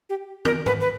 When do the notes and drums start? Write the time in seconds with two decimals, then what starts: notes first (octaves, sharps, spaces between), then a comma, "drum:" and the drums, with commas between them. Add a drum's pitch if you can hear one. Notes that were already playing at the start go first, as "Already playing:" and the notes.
0.10 G4
0.45 A#4, drum: tom
0.66 B4, drum: tom G#2
0.81 B4